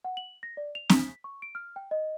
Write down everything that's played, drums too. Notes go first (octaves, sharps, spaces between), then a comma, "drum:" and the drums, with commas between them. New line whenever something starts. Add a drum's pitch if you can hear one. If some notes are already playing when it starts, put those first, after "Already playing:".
F#5
F#7
A#6
D5
F7
B6, drum: snare C4
C#6
D7
F6
G5
D#5